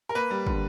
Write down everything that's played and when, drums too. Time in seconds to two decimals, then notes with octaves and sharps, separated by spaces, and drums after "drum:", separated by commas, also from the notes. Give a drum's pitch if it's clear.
0.09 A#4
0.15 A#3 B4
0.31 G3
0.46 D3, drum: kick